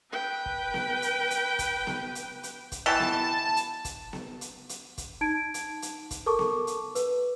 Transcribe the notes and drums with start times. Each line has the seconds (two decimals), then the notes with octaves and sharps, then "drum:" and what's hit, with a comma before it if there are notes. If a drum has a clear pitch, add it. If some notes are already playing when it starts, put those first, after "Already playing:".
0.11 B4 G5
0.46 drum: kick
0.74 drum: snare B3
1.02 drum: hi-hat
1.30 drum: hi-hat
1.59 drum: kick, hi-hat
1.87 drum: snare B3
2.15 drum: hi-hat
2.43 drum: hi-hat
2.72 drum: kick, hi-hat
2.86 B2 E3 G5 A5
3.00 drum: snare B3
3.56 drum: hi-hat
3.85 drum: kick, hi-hat
4.13 drum: snare B3
4.41 drum: hi-hat
4.69 drum: hi-hat
4.98 drum: kick, hi-hat
5.21 D#4 A5 G#6 D7
5.54 drum: hi-hat
5.82 drum: hi-hat
6.11 drum: kick, hi-hat
6.26 A4 A#4 A5 C#6 D6
6.39 drum: snare B3
6.67 drum: hi-hat
6.95 B4, drum: hi-hat